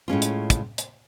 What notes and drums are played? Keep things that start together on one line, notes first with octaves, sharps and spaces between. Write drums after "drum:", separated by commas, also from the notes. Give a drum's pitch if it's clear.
A2 G#3 C#4 F4
drum: hi-hat
drum: kick, hi-hat
drum: hi-hat